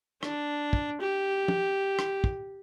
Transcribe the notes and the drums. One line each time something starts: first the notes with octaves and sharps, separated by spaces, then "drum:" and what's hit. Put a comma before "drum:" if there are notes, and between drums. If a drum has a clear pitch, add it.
D4, drum: rim click
drum: kick
G4
drum: tom
drum: rim click
drum: kick